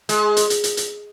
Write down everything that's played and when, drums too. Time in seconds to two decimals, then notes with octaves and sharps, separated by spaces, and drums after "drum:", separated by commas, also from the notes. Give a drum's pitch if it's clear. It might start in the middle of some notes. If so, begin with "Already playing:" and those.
0.09 G#3, drum: hi-hat
0.37 drum: hi-hat
0.50 drum: hi-hat
0.64 drum: hi-hat
0.77 drum: hi-hat